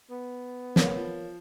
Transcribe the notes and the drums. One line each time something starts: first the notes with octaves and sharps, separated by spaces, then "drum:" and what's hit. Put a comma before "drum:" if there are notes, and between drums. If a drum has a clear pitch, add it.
B3
D#1 D2 A#4 C#5 F5, drum: snare
F3